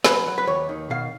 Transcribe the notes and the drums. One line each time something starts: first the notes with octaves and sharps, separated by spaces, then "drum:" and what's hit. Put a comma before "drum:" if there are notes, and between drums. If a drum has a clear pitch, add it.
F#3 B4, drum: snare
F#3
B4
D#2 C#5
D#3
B2 F5